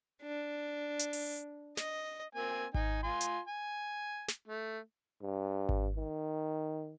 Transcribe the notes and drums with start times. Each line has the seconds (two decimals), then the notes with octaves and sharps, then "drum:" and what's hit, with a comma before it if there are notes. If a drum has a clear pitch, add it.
0.22 D4
0.99 drum: hi-hat
1.13 drum: open hi-hat
1.77 D#5, drum: snare
2.35 A#3 C4 G#5
2.74 D#4 G#5, drum: kick G#1
3.03 F4 G#5 C6
3.21 drum: hi-hat
3.47 G#5
4.28 drum: snare
4.48 A3
5.22 G2
5.69 drum: kick G#1
5.97 D#3